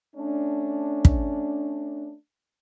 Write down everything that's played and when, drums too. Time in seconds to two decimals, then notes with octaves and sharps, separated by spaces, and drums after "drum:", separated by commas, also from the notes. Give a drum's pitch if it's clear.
0.16 A3 C#4 D4
1.05 drum: kick